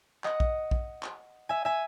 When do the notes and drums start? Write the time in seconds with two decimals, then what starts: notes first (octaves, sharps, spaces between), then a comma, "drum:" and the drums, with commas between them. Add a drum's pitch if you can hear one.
0.24 D#5 F#5, drum: clap
0.40 drum: kick A#1
0.71 drum: kick A#1
1.03 drum: clap
1.49 E5 G#5
1.65 E5 G#5